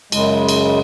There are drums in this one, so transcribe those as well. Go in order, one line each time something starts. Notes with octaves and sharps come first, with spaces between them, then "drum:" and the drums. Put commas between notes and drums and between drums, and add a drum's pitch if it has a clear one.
F#2 C#3 G#3, drum: cymbal
drum: cymbal